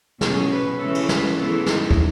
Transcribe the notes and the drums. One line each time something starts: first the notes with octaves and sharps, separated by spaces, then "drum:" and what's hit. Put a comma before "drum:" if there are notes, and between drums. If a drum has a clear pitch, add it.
B2 F#3 C#4 G#4, drum: snare
B4
C#3 E3 G#3 C#4 A4
drum: cymbal
B4, drum: snare
C#3 E3 G#3 B3 A4
D#4, drum: snare
drum: kick